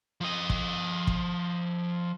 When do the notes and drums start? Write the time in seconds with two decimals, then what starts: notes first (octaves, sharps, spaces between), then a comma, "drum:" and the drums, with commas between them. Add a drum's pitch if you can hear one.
0.21 F3 D#5
0.50 drum: kick
1.07 drum: kick